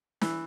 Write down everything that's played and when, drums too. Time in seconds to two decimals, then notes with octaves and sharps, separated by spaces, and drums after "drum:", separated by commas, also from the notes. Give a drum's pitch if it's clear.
0.21 E3, drum: snare